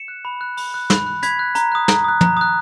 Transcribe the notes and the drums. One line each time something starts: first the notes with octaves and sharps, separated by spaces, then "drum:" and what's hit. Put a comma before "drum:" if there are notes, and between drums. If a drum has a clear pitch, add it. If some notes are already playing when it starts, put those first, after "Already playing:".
Already playing: C#7 E7
F#6
B5
F#6
B5, drum: open hi-hat
F#6
B5, drum: snare
F#6
B5 G#6 B6, drum: hi-hat
F#6
A#5, drum: hi-hat
D#6 F#6
A#5, drum: snare
D#6 F#6
A#5, drum: tom
D#6 F#6